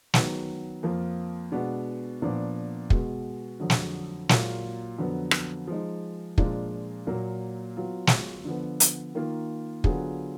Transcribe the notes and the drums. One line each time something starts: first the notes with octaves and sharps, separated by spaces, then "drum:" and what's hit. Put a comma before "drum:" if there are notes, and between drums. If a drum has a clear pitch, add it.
D#3 F#3 B3, drum: snare
F2 F3 A#3 F4
B2 G#3 B3 D4
A#2 F3 B3 D4
B2 G#3 B3, drum: kick
F2 D3 F#3
drum: snare
A#2 F#3 A#3 F4, drum: snare
F2 D3 F#3 B3
drum: rim click
F3 G#3 D#4
A#2 F3 G#3 D4 F4, drum: kick
A#2 F#3 A#3
F#3 B3 F4
drum: snare
D3 F3 B3
drum: hi-hat
D#3 A#3 F4
D3 F#3 B3 F4 G#4, drum: kick